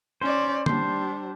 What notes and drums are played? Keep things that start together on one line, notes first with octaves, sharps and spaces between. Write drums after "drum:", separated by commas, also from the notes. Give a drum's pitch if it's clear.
C#4 C5 D5
G3 D4 C5, drum: tom